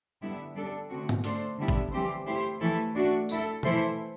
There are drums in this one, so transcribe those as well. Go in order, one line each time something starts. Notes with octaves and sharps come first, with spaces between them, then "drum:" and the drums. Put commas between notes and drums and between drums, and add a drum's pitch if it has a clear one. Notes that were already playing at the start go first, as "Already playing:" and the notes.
D3 G3 B3 E4
G3 D4 A4
D3 A3 C4 F#4
drum: tom G#2
A3 D4 A4 C5, drum: open hi-hat
D3 G3 B3 E4
drum: kick
E3 G3 C4 G4 C5
A3 E4 G4 C5
E3 A3 E4 A4
A3 D4 F#4
A3 E4 A4, drum: tambourine
E3 A3 E4 A4 C5, drum: tom B2